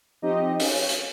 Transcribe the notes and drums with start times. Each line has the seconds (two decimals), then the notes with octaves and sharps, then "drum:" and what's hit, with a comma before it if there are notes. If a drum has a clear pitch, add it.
0.22 F3 C4 D#4 G4 D#5
0.59 C#4, drum: open hi-hat
0.89 drum: hi-hat